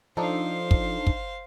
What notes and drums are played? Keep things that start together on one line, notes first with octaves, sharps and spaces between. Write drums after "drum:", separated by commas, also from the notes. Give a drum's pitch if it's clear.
F3 D4 D#4 A4 C5 F5
drum: kick
drum: kick